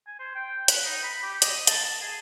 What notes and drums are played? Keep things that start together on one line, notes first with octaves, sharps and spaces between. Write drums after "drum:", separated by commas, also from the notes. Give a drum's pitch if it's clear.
G#5
C5
G5
B4, drum: hi-hat
D#4
B5
G4
D#5, drum: hi-hat
A5, drum: hi-hat
A5
G#4